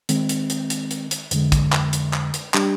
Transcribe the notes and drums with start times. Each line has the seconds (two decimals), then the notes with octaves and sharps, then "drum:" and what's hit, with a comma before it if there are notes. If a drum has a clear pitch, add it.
0.09 D#3 G#3 C4, drum: hi-hat
0.29 drum: hi-hat
0.50 drum: hi-hat
0.70 drum: hi-hat
0.91 drum: hi-hat
1.11 drum: hi-hat
1.31 F2 D3 G#3, drum: hi-hat
1.52 drum: kick, hi-hat
1.72 drum: clap
1.93 drum: hi-hat
2.13 drum: clap
2.34 drum: hi-hat
2.54 G3 D4 G4, drum: clap